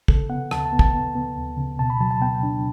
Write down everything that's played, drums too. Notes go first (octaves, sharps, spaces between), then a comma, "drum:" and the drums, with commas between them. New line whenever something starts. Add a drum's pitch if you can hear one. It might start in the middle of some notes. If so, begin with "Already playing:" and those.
C#3 A4, drum: kick
B3 F#5
D2 A5, drum: rim click
A5
B3
A5, drum: kick
B3
B3
D2
C#3
B2 A5
B5
F#3 A5
A5
B3 G5
D4